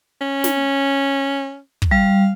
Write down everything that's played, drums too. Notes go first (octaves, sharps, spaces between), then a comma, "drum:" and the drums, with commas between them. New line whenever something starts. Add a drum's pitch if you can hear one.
C#4
drum: snare
drum: kick
G3 F5